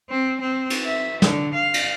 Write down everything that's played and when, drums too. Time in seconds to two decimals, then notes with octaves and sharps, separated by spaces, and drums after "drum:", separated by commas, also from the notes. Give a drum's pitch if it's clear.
0.10 C4
0.40 C4
0.70 drum: cymbal
0.85 E5
1.22 D3, drum: snare
1.54 F5
1.74 drum: cymbal